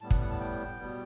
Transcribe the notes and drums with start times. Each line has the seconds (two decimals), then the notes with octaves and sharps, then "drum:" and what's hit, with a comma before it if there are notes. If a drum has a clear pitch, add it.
0.01 A2 G3 B3 A5
0.11 F#5, drum: kick
0.21 F#5
0.30 A5
0.40 G5
0.79 B2 G3 B3